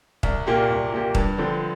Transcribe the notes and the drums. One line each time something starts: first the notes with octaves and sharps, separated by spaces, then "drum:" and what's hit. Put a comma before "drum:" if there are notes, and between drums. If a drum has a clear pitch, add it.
C2, drum: kick
A#2 A#3 G4
C2
A#2 A#3 G4
G2, drum: kick
D3 F3 C4